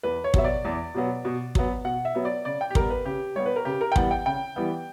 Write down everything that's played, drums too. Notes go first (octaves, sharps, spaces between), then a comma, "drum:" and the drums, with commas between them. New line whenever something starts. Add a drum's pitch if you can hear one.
E2 B4
C#5
B2 F#3 B3 E5, drum: kick
D5
E2
B2 F#3 B3
B2
F#3 B3, drum: kick
B2 F#5
E5
F#3 B3
D5
C#3 D5
G5
G4
G3 B3 A#4, drum: kick
B4
C#3 G4
G3 B3 C#5
B4
A#4
C#3 G4
A#4
G5
E3 G3 B3 F#5, drum: kick
G5
C#3 G5
E3 G3 B3